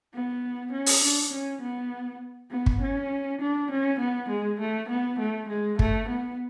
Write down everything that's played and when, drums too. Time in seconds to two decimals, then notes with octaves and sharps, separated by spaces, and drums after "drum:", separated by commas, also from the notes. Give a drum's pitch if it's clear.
0.14 B3
0.72 C#4
0.86 drum: open hi-hat
1.03 D4
1.33 C#4
1.62 B3
2.51 B3
2.66 drum: kick
2.81 C#4
3.41 D4
3.71 C#4
4.00 B3
4.29 G#3
4.60 A3
4.89 B3
5.19 A3
5.49 G#3
5.79 A3, drum: kick
6.08 B3